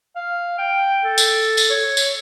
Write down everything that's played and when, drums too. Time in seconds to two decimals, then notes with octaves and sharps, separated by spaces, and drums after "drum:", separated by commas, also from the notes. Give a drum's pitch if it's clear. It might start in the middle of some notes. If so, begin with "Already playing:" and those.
0.16 F5
0.58 G5
1.04 A4
1.18 drum: tambourine
1.57 drum: tambourine
1.70 C#5
1.97 drum: tambourine